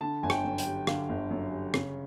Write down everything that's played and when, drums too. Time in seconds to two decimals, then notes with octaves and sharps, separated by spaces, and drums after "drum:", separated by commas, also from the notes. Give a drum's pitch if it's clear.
0.01 D3 A5
0.23 G1 G#5
0.30 G5, drum: rim click
0.44 F#2
0.58 G5, drum: hi-hat
0.66 G3
0.87 D3 F5, drum: rim click
1.09 G1
1.30 F#2
1.52 G3
1.74 C#3, drum: rim click